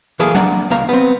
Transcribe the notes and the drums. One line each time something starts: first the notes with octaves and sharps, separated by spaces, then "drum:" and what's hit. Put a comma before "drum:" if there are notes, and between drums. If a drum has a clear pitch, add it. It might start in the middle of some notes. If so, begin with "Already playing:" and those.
E3 F#3 A#3 G#4 A4
A#3 D4 F#5, drum: tom F#3
C#2 A#3 A#5
B3 C4